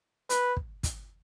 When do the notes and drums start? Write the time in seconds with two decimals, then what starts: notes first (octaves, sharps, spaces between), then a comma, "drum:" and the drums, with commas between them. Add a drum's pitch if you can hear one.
0.30 B4, drum: hi-hat
0.57 drum: kick
0.83 drum: kick, hi-hat